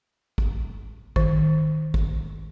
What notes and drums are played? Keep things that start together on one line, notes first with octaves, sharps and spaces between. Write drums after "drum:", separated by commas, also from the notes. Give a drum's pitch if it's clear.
drum: kick
D#3, drum: kick
drum: kick